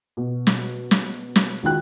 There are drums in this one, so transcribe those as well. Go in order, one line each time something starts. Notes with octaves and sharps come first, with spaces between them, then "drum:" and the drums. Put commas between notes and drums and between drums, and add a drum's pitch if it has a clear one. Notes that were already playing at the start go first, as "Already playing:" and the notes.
B2
drum: snare
drum: snare
drum: snare
C#2 D#3 F#4 G5 F#6